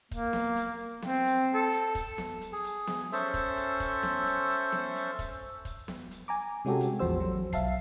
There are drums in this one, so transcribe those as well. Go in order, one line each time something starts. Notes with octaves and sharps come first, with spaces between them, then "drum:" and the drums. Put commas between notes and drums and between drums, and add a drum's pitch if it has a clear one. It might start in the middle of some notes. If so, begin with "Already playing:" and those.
A#3, drum: kick, hi-hat
drum: snare B3
drum: hi-hat
C4, drum: snare B3
drum: hi-hat
A4
drum: hi-hat
drum: kick, hi-hat
drum: snare B3
drum: hi-hat
G#4
drum: hi-hat
drum: snare B3
C#4 A4 C5 E5, drum: hi-hat
drum: kick, hi-hat
drum: hi-hat
drum: kick, hi-hat
drum: snare B3
drum: hi-hat
drum: hi-hat
drum: snare B3
drum: hi-hat
drum: kick, hi-hat
drum: kick, hi-hat
drum: snare B3
drum: hi-hat
G#5 A#5 D6
C3 G#3 C#4 F#4 G4 A4
drum: hi-hat
A1 E2 F3 F#4 C5 E6
F#3
B1 E5 F5 A5 C7, drum: kick, hi-hat